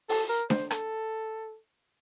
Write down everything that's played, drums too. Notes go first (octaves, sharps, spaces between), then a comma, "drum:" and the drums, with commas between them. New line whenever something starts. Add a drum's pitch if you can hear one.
A4, drum: open hi-hat
A#4
C5, drum: snare
A4, drum: rim click